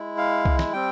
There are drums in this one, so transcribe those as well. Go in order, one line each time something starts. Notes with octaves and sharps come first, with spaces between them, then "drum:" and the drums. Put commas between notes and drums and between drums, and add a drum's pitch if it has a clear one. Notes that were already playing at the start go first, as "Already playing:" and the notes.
Already playing: G#3 E4
F5
drum: kick C2
drum: snare
G3 C4 G5